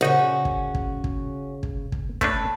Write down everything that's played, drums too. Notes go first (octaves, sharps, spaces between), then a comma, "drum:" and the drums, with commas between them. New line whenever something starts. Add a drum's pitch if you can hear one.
A#1 C#3 C#4 D#4 F#4
drum: kick
drum: kick
drum: kick
drum: kick
drum: kick
A3 C#4 D4 B4 A5, drum: kick